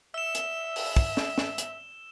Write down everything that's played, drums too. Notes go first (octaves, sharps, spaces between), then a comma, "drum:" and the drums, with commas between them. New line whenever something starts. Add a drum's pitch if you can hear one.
E5 E6 E7
drum: hi-hat
drum: open hi-hat
drum: kick
drum: snare
drum: snare
drum: hi-hat